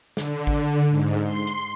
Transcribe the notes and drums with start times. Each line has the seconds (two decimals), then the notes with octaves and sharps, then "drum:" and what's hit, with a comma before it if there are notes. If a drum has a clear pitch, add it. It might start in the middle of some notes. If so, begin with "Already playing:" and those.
0.17 D3, drum: snare
0.47 drum: kick G#1
0.89 G#2
1.24 C6
1.47 drum: hi-hat